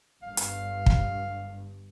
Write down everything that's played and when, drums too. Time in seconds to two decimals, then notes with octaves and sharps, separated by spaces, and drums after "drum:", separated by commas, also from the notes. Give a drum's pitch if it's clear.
0.22 G1 G2 F5
0.37 drum: hi-hat
0.86 drum: kick